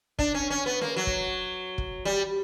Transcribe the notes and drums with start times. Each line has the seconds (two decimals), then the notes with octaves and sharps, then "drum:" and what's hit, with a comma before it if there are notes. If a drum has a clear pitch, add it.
0.19 D4, drum: kick
0.34 C#4
0.50 C#4
0.66 B3
0.81 A#3, drum: snare C#4
0.97 F#3
1.07 drum: kick
1.78 drum: kick
2.05 G3